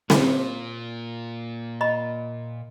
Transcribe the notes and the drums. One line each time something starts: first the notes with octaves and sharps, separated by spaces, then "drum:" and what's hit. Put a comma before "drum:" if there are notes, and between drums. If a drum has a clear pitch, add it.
A#2, drum: snare C4
D#5 A#5 B5